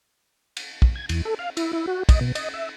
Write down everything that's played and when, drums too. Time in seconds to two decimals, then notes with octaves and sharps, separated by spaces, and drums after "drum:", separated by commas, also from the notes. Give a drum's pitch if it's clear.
0.57 drum: cymbal
0.82 drum: kick
0.95 G#6
1.09 E2, drum: cymbal
1.25 A4
1.39 F5
1.57 E4, drum: cymbal
1.73 E4
1.87 F#4
2.09 D#5, drum: kick, cymbal
2.21 B2
2.35 D#5, drum: cymbal
2.54 E5